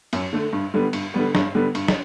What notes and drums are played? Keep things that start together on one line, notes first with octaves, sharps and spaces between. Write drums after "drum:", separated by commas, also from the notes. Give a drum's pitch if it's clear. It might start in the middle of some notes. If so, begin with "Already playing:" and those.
F#2, drum: cymbal
D3 A3
G2
D3 G3 B3
G2, drum: cymbal
D3 G3 B3
G2, drum: snare
D3 G3 B3
G2, drum: cymbal
drum: snare